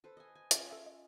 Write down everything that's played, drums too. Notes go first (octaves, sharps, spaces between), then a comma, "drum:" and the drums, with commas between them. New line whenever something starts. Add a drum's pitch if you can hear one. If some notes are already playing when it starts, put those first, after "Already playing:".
A4 B4 C5
D#5 G#5
G#5
C#4 F4 G5, drum: hi-hat
A4 E5 D#6
D#5